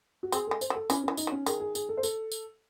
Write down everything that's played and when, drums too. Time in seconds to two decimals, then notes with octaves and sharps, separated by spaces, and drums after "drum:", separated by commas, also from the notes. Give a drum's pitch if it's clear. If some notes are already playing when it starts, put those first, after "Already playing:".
0.23 F#4
0.32 C4 G#4, drum: tambourine
0.47 G#3 A4
0.61 C5, drum: tambourine
0.70 F#3
0.75 A4
0.90 E3 C#4, drum: tambourine
1.03 E3 C#4
1.17 D#4, drum: tambourine
1.27 F#3
1.32 C#4
1.46 D#3 G#4, drum: tambourine
1.60 G#4
1.75 G#4, drum: tambourine
1.89 A4
1.97 C5
2.03 A4, drum: tambourine
2.32 drum: tambourine